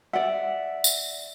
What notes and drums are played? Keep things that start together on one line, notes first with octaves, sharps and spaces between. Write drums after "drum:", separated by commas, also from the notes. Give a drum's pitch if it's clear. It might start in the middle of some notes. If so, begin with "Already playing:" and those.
D5 E5 F#5
drum: tambourine